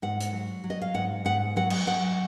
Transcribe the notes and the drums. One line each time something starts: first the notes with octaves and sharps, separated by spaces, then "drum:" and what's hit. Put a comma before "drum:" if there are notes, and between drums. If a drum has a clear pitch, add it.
G#2 F#5
drum: hi-hat
F#3
F#3
D#5
F5
G#2 F#5
G#2 F#5
F#3 F#5
drum: cymbal
F#3 F#5